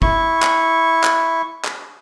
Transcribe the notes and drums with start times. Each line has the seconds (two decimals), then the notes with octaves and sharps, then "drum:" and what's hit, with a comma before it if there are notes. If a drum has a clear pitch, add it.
0.02 E4 C#6, drum: kick
0.42 drum: clap
1.03 drum: clap
1.65 drum: clap